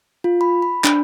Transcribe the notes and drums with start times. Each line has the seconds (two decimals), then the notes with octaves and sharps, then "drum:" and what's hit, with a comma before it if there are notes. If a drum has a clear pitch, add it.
0.24 F4
0.41 B5
0.62 B5
0.84 D4, drum: clap